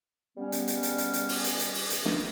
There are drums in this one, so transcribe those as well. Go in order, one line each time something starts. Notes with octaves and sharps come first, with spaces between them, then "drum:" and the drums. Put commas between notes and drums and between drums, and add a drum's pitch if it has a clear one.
G3 B3 C#4
drum: hi-hat
drum: hi-hat
drum: hi-hat
drum: hi-hat
drum: hi-hat
drum: open hi-hat
drum: hi-hat
drum: hi-hat
drum: open hi-hat
drum: hi-hat
drum: snare